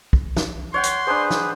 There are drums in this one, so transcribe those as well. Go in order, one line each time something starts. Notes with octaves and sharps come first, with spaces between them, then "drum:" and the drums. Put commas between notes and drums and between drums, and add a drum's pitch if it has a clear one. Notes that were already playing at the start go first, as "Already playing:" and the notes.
drum: kick
drum: snare
C#5 F#5 G5 C6
drum: hi-hat
D4 G#4 B4 C5
drum: snare